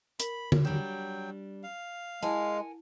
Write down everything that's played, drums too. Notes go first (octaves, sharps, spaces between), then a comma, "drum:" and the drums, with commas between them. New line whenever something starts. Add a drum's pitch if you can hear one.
A#4 B5, drum: hi-hat
drum: tom D3
F#3 G3 D4 G5
F5
G#3 E4 A#4 F#5 G#5 A5